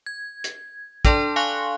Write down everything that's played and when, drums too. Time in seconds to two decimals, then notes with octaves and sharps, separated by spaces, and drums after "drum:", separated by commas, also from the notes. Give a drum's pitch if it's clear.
0.06 G#6
0.44 drum: hi-hat
1.05 D4 A4 D5 A5 C6, drum: kick, hi-hat
1.36 F5 G#5 C6 C#6 F#6